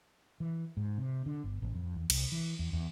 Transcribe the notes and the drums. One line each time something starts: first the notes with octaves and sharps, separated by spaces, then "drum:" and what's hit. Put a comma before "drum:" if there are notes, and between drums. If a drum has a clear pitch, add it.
E3
G#2
C3
D3
G1
A1
F2
E2
C2, drum: cymbal
E3
E2
E2